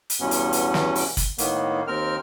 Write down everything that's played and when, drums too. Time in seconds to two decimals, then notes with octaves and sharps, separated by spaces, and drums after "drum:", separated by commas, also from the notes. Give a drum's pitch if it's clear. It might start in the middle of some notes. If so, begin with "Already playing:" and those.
0.10 drum: hi-hat
0.20 E2 G2 B2 B3 C#4
0.31 drum: hi-hat
0.53 drum: hi-hat
0.74 drum: snare
0.95 drum: open hi-hat
1.17 drum: kick, hi-hat
1.38 A2 D#3 A#3 B3, drum: hi-hat
1.87 D#2 C4 A#4 F6